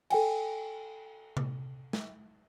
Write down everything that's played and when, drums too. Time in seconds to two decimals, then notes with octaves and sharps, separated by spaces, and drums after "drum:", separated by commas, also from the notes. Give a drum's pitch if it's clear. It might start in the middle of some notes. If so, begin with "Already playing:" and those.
0.10 A4 G5 G#5, drum: cymbal
1.37 drum: tom C3
1.93 drum: snare